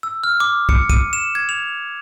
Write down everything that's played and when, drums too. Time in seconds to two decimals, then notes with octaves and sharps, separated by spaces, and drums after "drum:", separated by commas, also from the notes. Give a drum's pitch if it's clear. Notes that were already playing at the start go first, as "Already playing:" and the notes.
0.03 E6
0.24 F6
0.40 D6
0.69 C#7, drum: kick
0.90 D#7, drum: kick
1.13 E7
1.35 G#6
1.49 F7